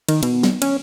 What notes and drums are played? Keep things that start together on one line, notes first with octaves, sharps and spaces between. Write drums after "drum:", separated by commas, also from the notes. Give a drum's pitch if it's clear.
D#3, drum: cymbal
B2, drum: cymbal
drum: snare
C#4, drum: cymbal